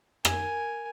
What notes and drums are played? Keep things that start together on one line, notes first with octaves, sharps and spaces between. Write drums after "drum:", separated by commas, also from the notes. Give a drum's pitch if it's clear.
A#4 G#5, drum: rim click